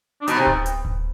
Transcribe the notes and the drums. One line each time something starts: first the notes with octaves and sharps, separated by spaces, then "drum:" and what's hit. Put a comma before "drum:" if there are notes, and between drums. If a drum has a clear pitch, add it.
D4
B2 D#4, drum: hi-hat
C3
drum: kick D1
drum: hi-hat
drum: kick D1